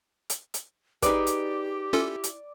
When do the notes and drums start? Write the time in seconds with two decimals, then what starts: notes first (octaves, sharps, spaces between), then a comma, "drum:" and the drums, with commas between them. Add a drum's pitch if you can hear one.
0.30 drum: hi-hat
0.54 drum: hi-hat
1.02 D#4 G4 G#4 B4 D5, drum: kick, hi-hat
1.27 drum: hi-hat
1.93 C#4 E4 F4 A4
2.24 drum: hi-hat